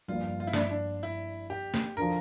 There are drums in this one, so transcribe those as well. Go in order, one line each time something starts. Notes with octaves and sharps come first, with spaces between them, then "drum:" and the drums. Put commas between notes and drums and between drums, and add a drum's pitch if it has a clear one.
G1 G2 F3 A#3 F4
F4
E4
D4, drum: snare
E4
D4
E4
G4
drum: snare
D3 F3 A#4